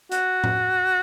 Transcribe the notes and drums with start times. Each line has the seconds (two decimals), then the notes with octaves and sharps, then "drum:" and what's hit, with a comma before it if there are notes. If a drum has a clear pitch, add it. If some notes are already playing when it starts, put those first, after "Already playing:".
0.12 F#4, drum: hi-hat
0.44 drum: tom A2